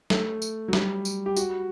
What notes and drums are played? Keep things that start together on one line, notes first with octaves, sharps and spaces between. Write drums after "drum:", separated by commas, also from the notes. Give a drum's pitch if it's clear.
A3, drum: snare
drum: tambourine
F#3
G3, drum: snare
drum: tambourine
G4
F#4, drum: tambourine